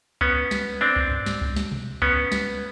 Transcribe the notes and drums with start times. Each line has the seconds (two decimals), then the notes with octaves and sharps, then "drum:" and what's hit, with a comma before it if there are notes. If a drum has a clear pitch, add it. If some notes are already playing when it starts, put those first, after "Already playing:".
0.21 B3 C#4, drum: kick
0.51 drum: snare
0.81 C4 D4
0.96 drum: kick
1.11 drum: tom G2
1.26 drum: snare
1.41 drum: kick
1.56 drum: snare
1.71 drum: tom B2
2.02 B3 C#4, drum: kick
2.32 drum: snare